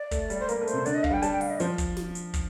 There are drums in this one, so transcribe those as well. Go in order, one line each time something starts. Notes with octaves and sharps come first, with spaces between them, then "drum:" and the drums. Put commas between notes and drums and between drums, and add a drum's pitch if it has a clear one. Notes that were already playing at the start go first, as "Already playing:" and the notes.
Already playing: D5
A3, drum: kick, hi-hat
G3, drum: hi-hat
C5
A#3 A#4, drum: hi-hat
A3
C5, drum: hi-hat
C3
D3 D5, drum: hi-hat
D#5
F5, drum: kick
G3 G5
G3 A5, drum: hi-hat
G5
F5, drum: open hi-hat
D#5
F3 C5, drum: hi-hat
drum: kick, hi-hat
drum: snare
drum: hi-hat
drum: kick, hi-hat